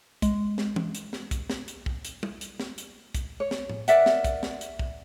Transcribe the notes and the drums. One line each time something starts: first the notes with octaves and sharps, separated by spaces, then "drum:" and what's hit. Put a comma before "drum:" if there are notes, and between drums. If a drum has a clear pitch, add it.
G#3, drum: kick, hi-hat
drum: snare
drum: tom
drum: hi-hat
drum: snare
drum: kick, hi-hat
drum: snare
drum: hi-hat
drum: kick
drum: hi-hat
drum: tom
drum: hi-hat
drum: snare
drum: hi-hat
drum: kick, hi-hat
C#5
drum: snare
drum: tom A2
A#4 D5 E5 F#5, drum: hi-hat
drum: snare
drum: kick, hi-hat
drum: snare
drum: hi-hat
drum: kick